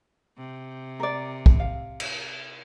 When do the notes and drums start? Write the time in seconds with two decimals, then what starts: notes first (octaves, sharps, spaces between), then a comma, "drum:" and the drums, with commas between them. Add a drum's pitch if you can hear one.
0.37 C3
1.00 A#4 D5
1.46 drum: kick
1.60 F5
2.00 drum: cymbal